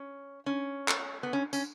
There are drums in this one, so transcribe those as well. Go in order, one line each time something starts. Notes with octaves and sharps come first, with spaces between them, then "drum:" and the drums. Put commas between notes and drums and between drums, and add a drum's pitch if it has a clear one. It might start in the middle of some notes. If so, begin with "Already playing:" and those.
Already playing: C#4
C#4
drum: clap
B3
C#4
C#4, drum: tambourine